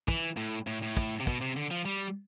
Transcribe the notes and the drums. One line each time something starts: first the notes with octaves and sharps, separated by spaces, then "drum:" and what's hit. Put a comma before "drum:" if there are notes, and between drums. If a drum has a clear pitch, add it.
E3, drum: kick
A2
A2
A2
drum: kick
C3
B2, drum: kick
C3
D3
F3
G3